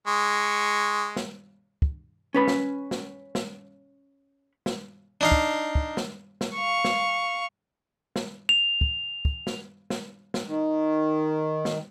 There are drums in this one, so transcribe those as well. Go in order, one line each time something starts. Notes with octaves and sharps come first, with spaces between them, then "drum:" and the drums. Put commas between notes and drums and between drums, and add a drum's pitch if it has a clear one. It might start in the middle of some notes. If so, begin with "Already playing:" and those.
G#3 C#6
drum: snare
drum: kick
C#4 B4 B5
drum: snare
drum: snare
drum: snare
drum: snare
D4 D#4 F5
drum: kick
drum: kick
drum: snare
drum: snare
F5 C#6
drum: snare
drum: snare
F7
drum: kick
drum: kick
drum: snare
drum: snare
drum: snare
D#3
drum: snare